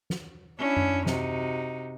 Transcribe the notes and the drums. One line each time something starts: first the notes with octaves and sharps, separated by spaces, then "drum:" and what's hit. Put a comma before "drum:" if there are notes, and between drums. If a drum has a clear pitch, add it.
drum: snare
C#4 D4 E4
drum: tom F#2
C3 D#4 F#4, drum: snare